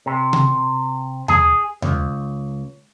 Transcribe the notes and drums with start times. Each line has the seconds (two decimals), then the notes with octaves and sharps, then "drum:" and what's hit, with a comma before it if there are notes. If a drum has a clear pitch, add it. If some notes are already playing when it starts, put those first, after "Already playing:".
0.06 C3
0.33 drum: tom C3
1.28 G#4, drum: tom D#2
1.82 C#2, drum: tom D#2